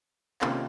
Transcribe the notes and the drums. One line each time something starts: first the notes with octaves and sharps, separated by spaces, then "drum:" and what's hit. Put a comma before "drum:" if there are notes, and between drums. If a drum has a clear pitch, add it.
C3 D#3 A#3 C#4 F4, drum: clap